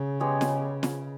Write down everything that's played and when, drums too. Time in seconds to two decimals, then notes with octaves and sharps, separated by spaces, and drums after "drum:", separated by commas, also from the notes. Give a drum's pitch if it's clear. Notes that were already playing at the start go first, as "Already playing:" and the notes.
Already playing: C#3
0.20 G#3 B3 G4 C#5
0.41 drum: snare
0.83 drum: snare